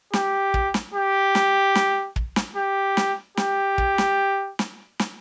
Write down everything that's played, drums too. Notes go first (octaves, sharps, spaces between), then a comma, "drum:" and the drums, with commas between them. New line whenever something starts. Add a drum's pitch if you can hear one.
G4, drum: snare
drum: kick
drum: snare
G4
drum: snare
drum: snare
drum: kick
drum: snare
G4
drum: snare
G4, drum: snare
drum: kick
drum: snare
drum: snare
drum: snare